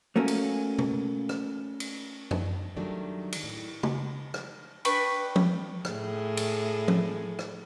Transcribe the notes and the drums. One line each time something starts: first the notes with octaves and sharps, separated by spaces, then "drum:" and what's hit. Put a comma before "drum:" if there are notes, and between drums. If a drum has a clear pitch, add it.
A3 A#3 C#4 F#4
drum: cymbal
drum: tom B2
drum: rim click
drum: cymbal
drum: tom F#2
D#3 F#3 G3 A3 D4
drum: cymbal
A2
drum: tom
drum: rim click
D4 B4 G5 C#6, drum: cymbal
drum: tom F3
A2 G#4, drum: rim click
drum: cymbal
drum: tom F3
drum: rim click